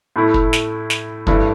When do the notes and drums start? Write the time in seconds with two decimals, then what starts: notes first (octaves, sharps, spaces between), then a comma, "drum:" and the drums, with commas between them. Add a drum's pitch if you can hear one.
0.16 A2 A3 E4
0.34 drum: kick
0.53 drum: snare
0.90 drum: snare
1.27 G2 E3 A3, drum: kick